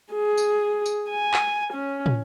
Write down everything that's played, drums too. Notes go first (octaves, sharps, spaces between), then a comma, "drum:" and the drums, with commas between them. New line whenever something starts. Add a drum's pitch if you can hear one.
G#4
drum: tambourine
drum: tambourine
G#5
drum: clap
C#4
drum: tom